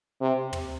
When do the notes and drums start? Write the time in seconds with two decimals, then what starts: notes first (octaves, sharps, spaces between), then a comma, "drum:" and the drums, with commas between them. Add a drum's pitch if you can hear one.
0.21 C3
0.53 drum: tom